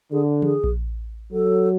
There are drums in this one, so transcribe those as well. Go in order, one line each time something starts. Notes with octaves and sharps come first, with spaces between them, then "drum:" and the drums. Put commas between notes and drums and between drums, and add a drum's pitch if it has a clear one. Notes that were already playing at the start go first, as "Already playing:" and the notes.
D3 G#4
G#4, drum: tom E3
drum: kick A#1
F#3 A4